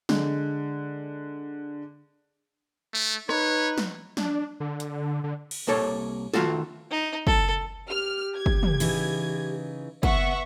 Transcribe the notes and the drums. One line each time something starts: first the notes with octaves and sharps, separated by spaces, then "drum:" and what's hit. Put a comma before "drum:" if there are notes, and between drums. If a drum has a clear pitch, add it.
D3 G#3, drum: snare
A3
D#4 B4 C#5, drum: rim click
drum: snare
D4, drum: snare
D3
drum: hi-hat
D3
drum: cymbal
C2 A#3 A4 C#5
D#3 A3 F4 F#4 A4, drum: snare
D#4
A4, drum: kick
G4 F6
G#6
drum: kick
drum: tom
C#3 E3 D#4, drum: cymbal
B3 E5 F#5 C#6, drum: kick